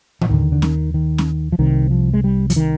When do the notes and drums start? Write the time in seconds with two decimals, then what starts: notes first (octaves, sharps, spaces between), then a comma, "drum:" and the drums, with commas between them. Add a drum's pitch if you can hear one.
0.21 F3, drum: tom A2
0.29 D#2 D3 D#3
0.52 D3
0.62 D#3, drum: snare
0.94 D#3
1.18 drum: snare
1.52 F3
1.59 C2 C3 D#3
1.91 F3
2.14 G#3
2.24 G3
2.50 F3, drum: hi-hat
2.56 D#3